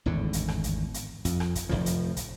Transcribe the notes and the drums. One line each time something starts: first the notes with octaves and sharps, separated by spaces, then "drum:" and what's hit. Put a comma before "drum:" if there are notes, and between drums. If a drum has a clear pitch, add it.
G#1 E2 A2 D3
drum: kick, hi-hat
drum: rim click
drum: kick, hi-hat
drum: hi-hat
F2, drum: kick, hi-hat
drum: rim click
drum: kick, hi-hat
F1 A#1 A2 F3
drum: hi-hat
drum: kick, hi-hat